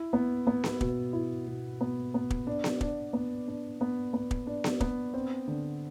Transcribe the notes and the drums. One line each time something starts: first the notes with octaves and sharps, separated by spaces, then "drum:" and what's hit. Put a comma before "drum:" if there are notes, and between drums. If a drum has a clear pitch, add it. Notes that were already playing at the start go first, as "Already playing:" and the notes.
Already playing: E4
B3
B3
drum: snare B3
B2, drum: kick
E4
B2
B3
B3
drum: kick
D4
drum: snare B3
D4, drum: kick
B3
D4
B3
B3
drum: kick
D4
drum: snare B3
B3, drum: kick
C4
D3